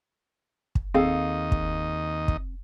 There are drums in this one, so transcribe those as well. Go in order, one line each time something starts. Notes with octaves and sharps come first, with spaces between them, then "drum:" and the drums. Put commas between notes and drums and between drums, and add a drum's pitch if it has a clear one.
drum: kick
D#2 C4 G#4 A4 D#5 F5
drum: kick
drum: kick